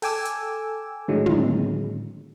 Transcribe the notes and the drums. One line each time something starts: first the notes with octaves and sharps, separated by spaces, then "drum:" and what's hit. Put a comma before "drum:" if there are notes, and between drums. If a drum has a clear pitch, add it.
A4 G5 G#5 D6 E6, drum: open hi-hat
drum: hi-hat
A2 D3 D#3 F#3 G#3
drum: tom